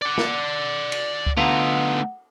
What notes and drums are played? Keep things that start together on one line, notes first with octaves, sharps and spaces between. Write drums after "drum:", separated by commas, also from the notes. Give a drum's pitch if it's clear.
D5 F#5 D6
drum: snare
drum: cymbal
drum: kick C#2
D3 A3 B3 D#4 F4 F#5